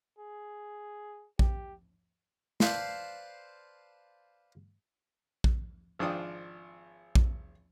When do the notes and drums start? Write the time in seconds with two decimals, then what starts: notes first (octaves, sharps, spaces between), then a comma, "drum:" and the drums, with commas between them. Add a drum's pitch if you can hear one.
0.19 G#4
1.39 G4, drum: kick A#1
2.60 B4 C5 D5 F5 A5 C6, drum: snare
5.44 drum: kick A#1
5.99 G#1 F3 D4 F4 G5 D#6
7.15 drum: kick A#1